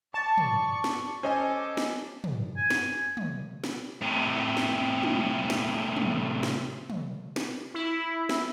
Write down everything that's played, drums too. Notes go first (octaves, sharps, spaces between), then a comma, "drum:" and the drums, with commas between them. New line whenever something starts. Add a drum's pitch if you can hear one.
D5 A5 C#6
drum: tom
drum: snare
C#4 A4 C5 D#5 G#5 D6
drum: snare
drum: tom
G#5
drum: snare
drum: tom
drum: snare
A2 C3
drum: snare
drum: tom
drum: snare
drum: tom
drum: snare
drum: tom
drum: snare
E4
drum: snare